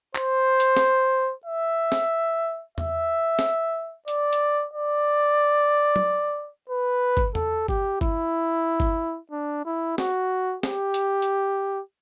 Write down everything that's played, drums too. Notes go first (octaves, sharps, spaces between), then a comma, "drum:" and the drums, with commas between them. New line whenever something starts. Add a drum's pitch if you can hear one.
C5, drum: clap
drum: hi-hat
drum: snare
E5
drum: snare
E5, drum: tom E2
drum: snare
D5, drum: hi-hat
drum: hi-hat
D5
drum: tom
B4
drum: kick G1
A4, drum: tom E2
G4, drum: kick G1
E4, drum: kick G1
drum: kick G1
D4
E4
F#4, drum: snare
G4, drum: snare
drum: hi-hat
drum: hi-hat